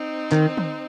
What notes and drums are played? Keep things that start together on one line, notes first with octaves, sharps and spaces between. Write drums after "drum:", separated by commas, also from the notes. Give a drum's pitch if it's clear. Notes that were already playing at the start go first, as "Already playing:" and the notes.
Already playing: C4 D#4
D#3, drum: clap
drum: tom